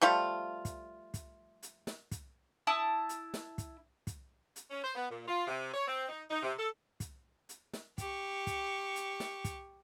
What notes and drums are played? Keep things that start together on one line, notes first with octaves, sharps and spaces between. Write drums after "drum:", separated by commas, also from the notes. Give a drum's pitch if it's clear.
F3 G3 A3 F4
drum: kick, hi-hat
drum: kick, hi-hat
drum: hi-hat
drum: snare
drum: kick, hi-hat
E4 A5 D#6
drum: hi-hat
drum: snare
drum: kick, hi-hat
drum: kick, hi-hat
drum: hi-hat
C#4
C5
B3
A#2
F4
C3
C#5
C4
D#4
D#4
C3
A4
drum: kick, hi-hat
drum: hi-hat
drum: snare
G4 C#6, drum: kick, hi-hat
drum: kick, hi-hat
drum: hi-hat
drum: snare
drum: kick, hi-hat